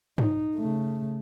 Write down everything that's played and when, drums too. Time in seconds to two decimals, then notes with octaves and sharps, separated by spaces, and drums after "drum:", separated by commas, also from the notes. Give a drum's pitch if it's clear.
0.18 D#4, drum: tom G#2
0.55 C#3 A3